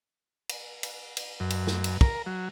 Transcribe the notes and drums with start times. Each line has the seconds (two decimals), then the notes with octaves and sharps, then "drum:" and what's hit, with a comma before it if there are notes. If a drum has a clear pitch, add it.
0.49 drum: cymbal
0.83 drum: cymbal
1.17 drum: cymbal
1.40 F#2
1.50 drum: cymbal
1.67 drum: snare
1.84 drum: cymbal
2.01 A#4, drum: kick
2.26 F#3